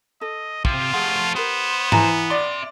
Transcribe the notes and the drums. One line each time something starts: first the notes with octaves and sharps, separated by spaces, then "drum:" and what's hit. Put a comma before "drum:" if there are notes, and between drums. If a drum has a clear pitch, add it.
A4 D#5
C3 F4, drum: kick
F3 A3 G4 G#4 F#5
B3 G4 A#4 C5
E3 A#5, drum: tom G#2
D5 E5 C6